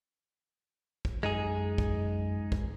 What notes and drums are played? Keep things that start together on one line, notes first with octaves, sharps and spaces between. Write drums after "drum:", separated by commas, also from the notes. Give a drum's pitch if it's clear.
drum: kick
F#2 G#3 D#4 G#4
drum: kick
drum: kick